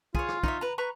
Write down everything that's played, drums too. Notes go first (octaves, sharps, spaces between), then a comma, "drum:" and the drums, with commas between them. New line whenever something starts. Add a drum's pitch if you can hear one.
F4 G#4 C#5, drum: kick
drum: rim click
D#4 C#5 E5, drum: kick
B4 A#5
B4 A#5 C#6